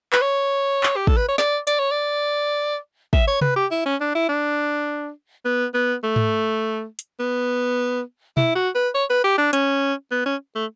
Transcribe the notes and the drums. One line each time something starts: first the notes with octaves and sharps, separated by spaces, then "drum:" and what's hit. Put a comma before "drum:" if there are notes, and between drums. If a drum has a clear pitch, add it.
B4, drum: clap
C#5
drum: clap
G4
A4, drum: kick
B4
C#5
D5, drum: snare
D5, drum: hi-hat
C#5
D5
E5, drum: kick
C#5
B4, drum: tom C3
G4
E4
C#4
D4
E4
D4
B3
B3
A3
drum: tom G#2
drum: hi-hat
B3
E4, drum: tom B2
F#4
B4
C#5
B4
G4
D4
C#4, drum: hi-hat
B3
C#4
A3